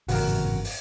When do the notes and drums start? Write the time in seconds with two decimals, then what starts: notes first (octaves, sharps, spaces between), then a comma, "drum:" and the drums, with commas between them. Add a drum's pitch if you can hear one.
0.08 G#1 F#2 A2 C#3 E3 F#4 A#4, drum: open hi-hat
0.64 drum: open hi-hat